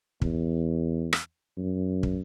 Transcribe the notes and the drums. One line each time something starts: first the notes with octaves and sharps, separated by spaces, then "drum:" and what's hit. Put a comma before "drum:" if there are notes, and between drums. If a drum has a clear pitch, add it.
E2, drum: kick
drum: rim click
F#2
drum: kick